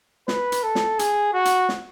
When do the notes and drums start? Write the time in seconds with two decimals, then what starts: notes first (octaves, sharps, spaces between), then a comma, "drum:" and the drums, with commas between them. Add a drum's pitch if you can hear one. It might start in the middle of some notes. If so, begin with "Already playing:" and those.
0.28 B4, drum: snare
0.52 drum: hi-hat
0.63 A4
0.75 drum: snare
0.99 G#4, drum: hi-hat
1.34 F#4
1.45 drum: hi-hat
1.69 drum: snare